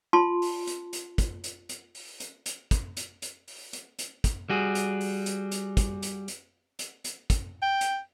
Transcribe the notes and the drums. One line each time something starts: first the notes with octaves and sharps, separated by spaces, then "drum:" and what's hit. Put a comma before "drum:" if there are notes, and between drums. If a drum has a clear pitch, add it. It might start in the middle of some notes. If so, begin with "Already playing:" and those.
F4 A5 C6
drum: open hi-hat
drum: hi-hat
drum: hi-hat
drum: kick, hi-hat
drum: hi-hat
drum: hi-hat
drum: open hi-hat
drum: hi-hat
drum: hi-hat
drum: kick, hi-hat
drum: hi-hat
drum: hi-hat
drum: open hi-hat
drum: hi-hat
drum: hi-hat
drum: kick, hi-hat
G3 F#4 G#4
drum: hi-hat
drum: open hi-hat
drum: hi-hat
drum: hi-hat
drum: kick, hi-hat
drum: hi-hat
drum: hi-hat
drum: hi-hat
drum: hi-hat
drum: kick, hi-hat
G5
drum: hi-hat